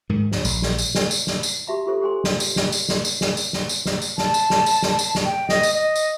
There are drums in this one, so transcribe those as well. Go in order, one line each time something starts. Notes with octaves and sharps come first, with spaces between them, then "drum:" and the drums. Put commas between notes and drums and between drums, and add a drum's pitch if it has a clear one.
G#2 D#3
D2 F#3, drum: snare
A#1, drum: tambourine
drum: snare
drum: tambourine
drum: snare
drum: tambourine
drum: snare
drum: tambourine
F#4 G4 E5 A5 B5
F4 G4 A4 C5
G4 A4 C5 G#5 C6
drum: snare
drum: tambourine
drum: snare
drum: tambourine
drum: snare
drum: tambourine
drum: snare
drum: tambourine
drum: snare
drum: tambourine
drum: snare
drum: tambourine
A5, drum: snare
drum: tambourine
drum: snare
drum: tambourine
drum: snare
drum: tambourine
drum: snare
G5
D#5, drum: snare
drum: tambourine
D#5
drum: tambourine